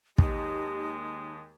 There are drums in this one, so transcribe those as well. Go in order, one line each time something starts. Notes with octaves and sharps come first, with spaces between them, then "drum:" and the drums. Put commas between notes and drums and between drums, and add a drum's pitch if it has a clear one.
D#2 G#3 D#4 G4, drum: kick